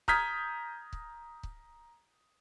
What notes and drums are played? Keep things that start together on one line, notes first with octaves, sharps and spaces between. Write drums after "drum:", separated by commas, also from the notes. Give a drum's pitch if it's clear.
A#5 D#6 F6 G6 G#6 B6, drum: kick C#1
drum: kick C#1
drum: kick C#1